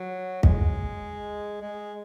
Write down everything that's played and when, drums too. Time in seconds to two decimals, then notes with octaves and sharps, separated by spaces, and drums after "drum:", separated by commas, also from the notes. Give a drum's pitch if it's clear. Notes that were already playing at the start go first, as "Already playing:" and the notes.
Already playing: F#3
0.43 G#3, drum: kick
1.62 G#3